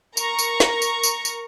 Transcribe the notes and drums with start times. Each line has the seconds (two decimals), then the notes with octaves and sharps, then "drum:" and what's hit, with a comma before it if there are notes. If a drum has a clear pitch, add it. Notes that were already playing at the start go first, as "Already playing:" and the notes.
0.17 A#4 A#5 C#6, drum: tambourine
0.39 drum: tambourine
0.60 drum: snare
0.82 drum: tambourine
1.03 drum: tambourine
1.25 drum: tambourine